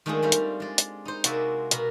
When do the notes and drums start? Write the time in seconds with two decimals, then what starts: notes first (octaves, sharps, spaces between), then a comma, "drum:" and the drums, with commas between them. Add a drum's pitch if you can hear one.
0.06 D#3 G#3 A3 D4 F4 G#4
0.23 G3 A3 C4 C5 F5
0.32 drum: hi-hat
0.60 G#3 D5
0.78 drum: hi-hat
1.05 D#4 C5
1.24 C3 G#3 A#3 F#4 D5 E5, drum: hi-hat
1.71 B2 F#4 A#4 B5, drum: hi-hat